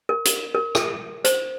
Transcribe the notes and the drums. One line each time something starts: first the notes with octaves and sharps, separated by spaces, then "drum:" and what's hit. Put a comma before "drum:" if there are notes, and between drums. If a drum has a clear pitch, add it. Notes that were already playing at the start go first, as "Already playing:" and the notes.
A#4
drum: hi-hat
A#4
drum: rim click
C5, drum: hi-hat